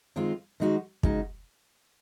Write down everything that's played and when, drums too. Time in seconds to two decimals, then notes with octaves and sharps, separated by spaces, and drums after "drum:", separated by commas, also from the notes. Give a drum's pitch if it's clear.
0.16 D#3 G#3 C4 F4
0.60 D#3 G#3 D#4 F#4
1.03 C#3 G#3 D#4 F#4, drum: kick